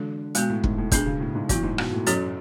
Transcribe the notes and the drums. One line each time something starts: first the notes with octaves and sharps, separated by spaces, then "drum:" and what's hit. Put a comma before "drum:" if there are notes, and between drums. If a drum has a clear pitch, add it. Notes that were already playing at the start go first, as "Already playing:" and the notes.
Already playing: D3 E3 G#3 D4 F#4 A4
B2 G#3 B3 F#4, drum: hi-hat
A2
G#2, drum: kick
A2
B2 B3 D4 G#4, drum: kick, hi-hat
C#3
A2
G#2
F#2 E3 B3 E4, drum: kick, hi-hat
G#2
B2, drum: rim click
A2
F#2 F#3 C#4 F#4 A4 C#5, drum: hi-hat